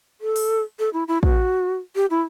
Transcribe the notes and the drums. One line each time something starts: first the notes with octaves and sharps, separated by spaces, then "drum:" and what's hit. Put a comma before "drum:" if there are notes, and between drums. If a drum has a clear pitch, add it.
A4
drum: open hi-hat
A4
E4
E4
F#4, drum: kick
G4
E4